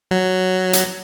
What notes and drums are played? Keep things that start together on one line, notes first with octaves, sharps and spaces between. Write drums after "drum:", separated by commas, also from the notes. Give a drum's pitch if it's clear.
F#3
drum: hi-hat